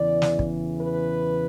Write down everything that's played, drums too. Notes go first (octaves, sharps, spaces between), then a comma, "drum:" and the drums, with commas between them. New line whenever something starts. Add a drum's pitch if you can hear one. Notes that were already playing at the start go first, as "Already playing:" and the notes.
Already playing: E2 C#3 E3 D5
drum: snare
drum: kick
B4